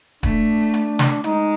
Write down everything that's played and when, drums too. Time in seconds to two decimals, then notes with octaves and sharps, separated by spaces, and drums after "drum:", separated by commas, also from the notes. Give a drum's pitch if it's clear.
0.23 A3 D4, drum: kick D#1, hi-hat
0.74 drum: hi-hat
0.99 drum: snare
1.24 G#3 D#4, drum: hi-hat